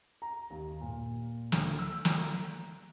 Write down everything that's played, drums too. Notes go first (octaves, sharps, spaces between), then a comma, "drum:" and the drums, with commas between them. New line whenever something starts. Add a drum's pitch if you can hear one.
A#5
D#2
A#2
D2, drum: snare
E6
drum: snare
A#5